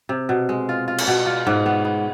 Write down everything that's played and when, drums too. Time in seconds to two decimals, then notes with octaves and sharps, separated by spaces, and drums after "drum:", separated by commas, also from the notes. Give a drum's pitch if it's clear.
0.09 C3
0.29 B2
0.49 G#3
0.69 F4
0.88 F4
0.98 drum: cymbal
1.08 B2
1.26 F4
1.47 G#2
1.66 B3
1.85 B3